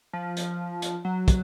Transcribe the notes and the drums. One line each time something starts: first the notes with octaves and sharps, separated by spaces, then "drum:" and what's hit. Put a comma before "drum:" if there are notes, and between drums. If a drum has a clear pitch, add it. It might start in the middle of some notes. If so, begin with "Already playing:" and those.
F3
drum: hi-hat
drum: hi-hat
F#3
drum: kick, hi-hat